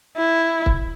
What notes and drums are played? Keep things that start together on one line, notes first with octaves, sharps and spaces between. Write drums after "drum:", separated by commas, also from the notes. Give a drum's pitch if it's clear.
E4
drum: kick